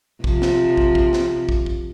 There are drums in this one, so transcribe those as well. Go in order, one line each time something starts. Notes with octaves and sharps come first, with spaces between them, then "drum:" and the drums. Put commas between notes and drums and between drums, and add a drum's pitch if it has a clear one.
C3 F3, drum: kick
drum: snare
drum: kick
drum: kick
drum: snare
drum: kick
drum: kick